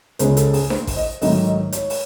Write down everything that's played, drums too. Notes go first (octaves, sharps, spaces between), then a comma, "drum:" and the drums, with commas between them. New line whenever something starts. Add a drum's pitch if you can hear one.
C#2 C#3 G#3 C5, drum: hi-hat
A4, drum: hi-hat
G#4, drum: open hi-hat
C5, drum: snare D4
drum: kick A1, open hi-hat
D#5
G#2 D#3 F#3 A3 D#5, drum: open hi-hat
D#5
C#5, drum: hi-hat
drum: open hi-hat